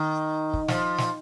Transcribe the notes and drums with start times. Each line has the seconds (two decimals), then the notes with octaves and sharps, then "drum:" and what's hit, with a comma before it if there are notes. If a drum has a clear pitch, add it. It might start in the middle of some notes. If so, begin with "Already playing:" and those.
Already playing: D#3
0.54 drum: kick
0.68 F3, drum: snare
0.98 drum: snare